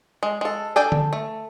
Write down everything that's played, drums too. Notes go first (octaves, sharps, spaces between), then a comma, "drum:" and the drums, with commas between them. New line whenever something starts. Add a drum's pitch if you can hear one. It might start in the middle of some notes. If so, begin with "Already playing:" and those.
G#3
G#3 A4
D4 A4 D5 G5 G#5
drum: tom D3
A3